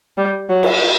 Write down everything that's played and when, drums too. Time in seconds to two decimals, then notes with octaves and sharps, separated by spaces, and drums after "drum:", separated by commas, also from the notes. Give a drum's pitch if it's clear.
0.18 G3
0.49 F#3
0.63 drum: cymbal